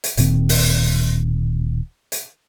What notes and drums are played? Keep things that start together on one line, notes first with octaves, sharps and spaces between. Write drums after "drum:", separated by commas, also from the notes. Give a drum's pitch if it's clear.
drum: hi-hat
D1 A#2 D#3 C4, drum: hi-hat
drum: open hi-hat
drum: hi-hat